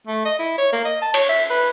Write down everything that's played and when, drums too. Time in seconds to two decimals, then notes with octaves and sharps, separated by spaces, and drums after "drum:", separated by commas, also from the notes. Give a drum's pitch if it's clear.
0.07 A3
0.25 D#5
0.39 E4
0.58 C#5
0.73 A#3
0.85 D#5
1.02 A5
1.14 C#5, drum: cymbal
1.29 E5
1.50 B4